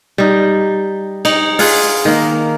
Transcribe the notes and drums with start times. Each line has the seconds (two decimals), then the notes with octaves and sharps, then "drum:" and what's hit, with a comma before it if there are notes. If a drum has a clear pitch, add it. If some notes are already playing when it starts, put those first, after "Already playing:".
0.18 G3 D#4
1.25 D#4, drum: cymbal
1.59 F4 G#4 F#5, drum: open hi-hat
2.05 D#3 A#3